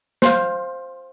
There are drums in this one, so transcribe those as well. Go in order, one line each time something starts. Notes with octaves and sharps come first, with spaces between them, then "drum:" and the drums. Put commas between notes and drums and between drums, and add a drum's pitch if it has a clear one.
C5 F5, drum: snare